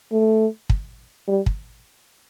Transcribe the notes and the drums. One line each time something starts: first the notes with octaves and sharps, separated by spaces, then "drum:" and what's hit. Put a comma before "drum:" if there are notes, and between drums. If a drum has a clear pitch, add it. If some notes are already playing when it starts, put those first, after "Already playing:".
A3
drum: kick
G3
drum: kick